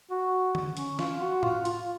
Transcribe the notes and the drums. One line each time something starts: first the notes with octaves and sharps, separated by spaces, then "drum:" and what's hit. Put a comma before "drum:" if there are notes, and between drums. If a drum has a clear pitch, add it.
F#4
drum: tom D3
C#4, drum: hi-hat
F4, drum: snare
F#4
F4, drum: tom A2
F4, drum: hi-hat